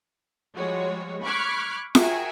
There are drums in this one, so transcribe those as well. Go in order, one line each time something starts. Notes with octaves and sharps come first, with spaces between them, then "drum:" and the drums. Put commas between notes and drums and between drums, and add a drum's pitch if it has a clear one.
F3 G3 G#3 F#4 C#5
B5 C#6 D6 F6 F#6 G#6
F#4 G#4 A#4 E5 G5 G#5, drum: snare F4